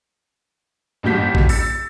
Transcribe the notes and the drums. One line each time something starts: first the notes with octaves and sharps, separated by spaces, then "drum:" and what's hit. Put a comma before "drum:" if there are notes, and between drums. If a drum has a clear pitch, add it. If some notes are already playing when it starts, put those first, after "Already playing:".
A1 G2 A#2 F#4 G6 B6
drum: kick A1
E6 A6 C#7, drum: open hi-hat